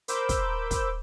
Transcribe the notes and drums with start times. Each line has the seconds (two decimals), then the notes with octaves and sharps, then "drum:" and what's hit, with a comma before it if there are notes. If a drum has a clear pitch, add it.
0.08 A#4 C5 B5 D6 E6 G6, drum: hi-hat
0.29 drum: kick, hi-hat
0.71 drum: kick, hi-hat